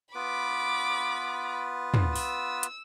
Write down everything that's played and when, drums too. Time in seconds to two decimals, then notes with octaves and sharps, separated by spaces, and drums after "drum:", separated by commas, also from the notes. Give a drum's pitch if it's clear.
0.15 B3 F4 B4 B5 D6
1.94 drum: tom
2.16 E6, drum: open hi-hat
2.63 drum: hi-hat